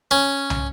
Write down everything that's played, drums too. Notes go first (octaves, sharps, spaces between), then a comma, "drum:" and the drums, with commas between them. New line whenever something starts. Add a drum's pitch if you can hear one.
C#4
drum: tom